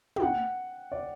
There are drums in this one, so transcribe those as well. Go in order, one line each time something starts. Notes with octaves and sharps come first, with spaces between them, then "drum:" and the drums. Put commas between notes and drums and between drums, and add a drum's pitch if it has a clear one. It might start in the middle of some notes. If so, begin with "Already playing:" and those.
G5, drum: tom
F#5
D5